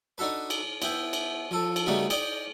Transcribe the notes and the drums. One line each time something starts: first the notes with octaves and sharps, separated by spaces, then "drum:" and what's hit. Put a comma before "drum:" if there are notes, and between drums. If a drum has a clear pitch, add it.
D4 D#4 F#4 A4 B4
drum: cymbal
B3 E4 G5, drum: cymbal
drum: cymbal
F3 A4
drum: cymbal
C#3 G3 A3 B3 D#4 F#4
D5 D#5 G5 D6, drum: cymbal